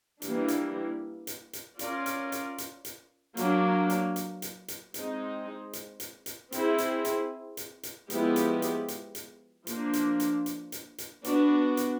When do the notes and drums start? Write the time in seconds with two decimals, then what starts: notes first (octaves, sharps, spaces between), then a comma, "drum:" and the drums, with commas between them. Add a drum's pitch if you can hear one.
0.22 E3 G3 A#3 D4, drum: hi-hat
0.48 drum: hi-hat
1.27 drum: hi-hat
1.53 drum: hi-hat
1.79 C#4 F4 A#4 D5, drum: hi-hat
2.06 drum: hi-hat
2.32 drum: hi-hat
2.58 drum: hi-hat
2.85 drum: hi-hat
3.37 F#3 A#3 D4, drum: hi-hat
3.90 drum: hi-hat
4.16 drum: hi-hat
4.42 drum: hi-hat
4.68 drum: hi-hat
4.94 G#3 C4 D#4, drum: hi-hat
5.73 drum: hi-hat
6.00 drum: hi-hat
6.26 drum: hi-hat
6.52 C4 E4 G#4, drum: hi-hat
6.78 drum: hi-hat
7.05 drum: hi-hat
7.57 drum: hi-hat
7.83 drum: hi-hat
8.10 F3 G#3 B3 E4 G4, drum: hi-hat
8.36 drum: hi-hat
8.62 drum: hi-hat
8.88 drum: hi-hat
9.15 drum: hi-hat
9.67 F3 A#3 D4, drum: hi-hat
9.93 drum: hi-hat
10.20 drum: hi-hat
10.46 drum: hi-hat
10.72 drum: hi-hat
10.98 drum: hi-hat
11.24 B3 D4 F#4, drum: hi-hat
11.77 drum: hi-hat